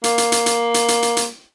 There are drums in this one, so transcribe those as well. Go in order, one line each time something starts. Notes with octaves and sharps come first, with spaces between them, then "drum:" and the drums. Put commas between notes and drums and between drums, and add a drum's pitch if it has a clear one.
A#3, drum: hi-hat
drum: hi-hat
drum: hi-hat
drum: hi-hat
drum: hi-hat
drum: hi-hat
drum: hi-hat
drum: hi-hat